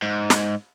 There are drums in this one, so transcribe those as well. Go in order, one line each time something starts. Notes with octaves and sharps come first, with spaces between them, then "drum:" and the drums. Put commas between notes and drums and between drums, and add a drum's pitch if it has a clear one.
G#2
drum: snare